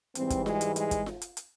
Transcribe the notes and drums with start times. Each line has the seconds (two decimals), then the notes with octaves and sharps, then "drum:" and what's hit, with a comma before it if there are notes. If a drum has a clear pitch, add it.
0.15 G#2 E3 G3 C4, drum: hi-hat
0.30 drum: kick, hi-hat
0.46 G#3, drum: snare F4
0.61 drum: hi-hat
0.76 G#3, drum: hi-hat
0.91 drum: kick, hi-hat
1.06 drum: snare F4
1.22 drum: hi-hat
1.37 drum: hi-hat